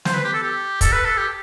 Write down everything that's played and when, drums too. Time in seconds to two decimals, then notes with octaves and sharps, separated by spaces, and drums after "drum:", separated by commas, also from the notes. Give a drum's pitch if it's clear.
0.05 C5, drum: snare
0.14 B4
0.24 G4
0.33 A4
0.43 G4
0.81 A4, drum: kick, hi-hat
0.92 B4
1.05 A4
1.17 G4